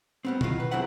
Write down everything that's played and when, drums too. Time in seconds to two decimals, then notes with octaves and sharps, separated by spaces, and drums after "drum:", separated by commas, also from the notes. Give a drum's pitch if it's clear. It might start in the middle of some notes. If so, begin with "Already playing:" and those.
0.25 G3 B3 C4
0.41 D#3 F#3 E4 F4, drum: tom B2
0.60 B4
0.71 E2 D3 F#3 C4 E4 F#5